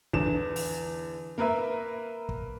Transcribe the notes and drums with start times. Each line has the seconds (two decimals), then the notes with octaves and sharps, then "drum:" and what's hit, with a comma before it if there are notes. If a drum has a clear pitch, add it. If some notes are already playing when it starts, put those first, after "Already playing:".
0.13 E2 D3 E7, drum: kick
0.56 drum: open hi-hat
1.38 A#3 A#4 B4 E5
2.29 drum: kick